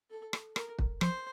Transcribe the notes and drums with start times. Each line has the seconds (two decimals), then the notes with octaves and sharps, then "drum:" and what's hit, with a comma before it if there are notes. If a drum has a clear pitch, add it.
0.11 A4
0.33 drum: rim click
0.56 A#4, drum: rim click
0.79 drum: kick
1.01 F3 C5, drum: rim click